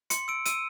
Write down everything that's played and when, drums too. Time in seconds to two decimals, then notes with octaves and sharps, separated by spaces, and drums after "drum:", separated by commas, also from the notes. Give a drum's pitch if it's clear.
0.10 C6 C#7, drum: hi-hat
0.28 E6 D7
0.46 E6 D#7, drum: hi-hat